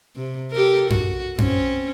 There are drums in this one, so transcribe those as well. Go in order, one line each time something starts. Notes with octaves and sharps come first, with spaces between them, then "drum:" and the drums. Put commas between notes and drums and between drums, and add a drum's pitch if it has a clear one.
C3
G4 A4 A#4
F#4, drum: tom F#2
C4 C#4, drum: tom F#2